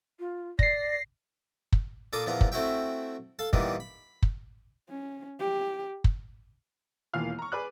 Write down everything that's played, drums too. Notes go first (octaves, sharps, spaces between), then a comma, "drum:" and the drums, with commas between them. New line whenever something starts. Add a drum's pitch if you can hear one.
F4
D5 A#6 C7, drum: kick
drum: kick
A#2 A4 F5 A#5 D6 D#6
E2 A#2 F3 B3 A#5
drum: kick
A3 C4 E4 F#4 E5 G5
A4 F5 A5
A#2 D#3 E3 G3 B3, drum: kick
B5
drum: kick
C#4
G4
drum: kick
E1 D#2 E3 F4 F5 F6
A#5 C#6
G#4 B4 D5 D6 F#6